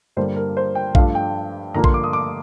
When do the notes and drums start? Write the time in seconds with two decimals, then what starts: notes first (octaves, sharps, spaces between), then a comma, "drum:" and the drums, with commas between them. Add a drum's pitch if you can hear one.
0.17 G2 D3 G3 A#3 C5
0.36 A#4
0.57 C5
0.75 G5
0.95 G2 F3 A3 D4 F5, drum: kick A#1
1.15 G5
1.74 G2 D3 F3 A#3 D4 A#5
1.84 C6, drum: kick A#1
1.94 D6
2.04 D#6
2.13 D6